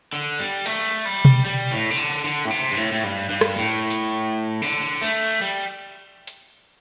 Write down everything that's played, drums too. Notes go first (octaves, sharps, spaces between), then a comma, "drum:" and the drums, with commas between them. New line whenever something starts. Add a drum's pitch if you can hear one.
D3
G3
A3
G3
drum: tom B2
G3
A2
C3
D3
D3
A2
C3
G2
A2
A2
G2
G2
drum: rim click
A2
drum: hi-hat
D3
A3
drum: cymbal
G3
drum: hi-hat